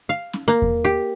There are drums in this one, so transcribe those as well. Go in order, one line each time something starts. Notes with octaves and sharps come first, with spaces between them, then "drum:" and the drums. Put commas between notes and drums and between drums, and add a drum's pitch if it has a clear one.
F5
drum: snare C#4
A#3
drum: kick E2
G4